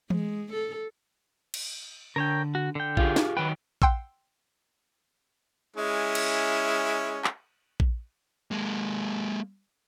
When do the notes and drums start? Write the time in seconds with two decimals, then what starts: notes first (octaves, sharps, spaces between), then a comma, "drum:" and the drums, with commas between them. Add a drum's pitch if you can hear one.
0.10 G#3, drum: tom E3
0.53 A4
1.54 drum: cymbal
2.16 D3 A#4 C#5 G5
2.55 F#4
2.75 D3 G5
2.97 F4 G4 G#4, drum: kick A#1
3.16 drum: snare
3.37 D#3 F#3 B4 G5
3.82 F#5 G5 C6 E6, drum: kick A#1
5.76 G#3 C#4 E4
6.15 drum: cymbal
7.24 drum: clap
7.80 drum: kick A#1
8.51 G#3 A#3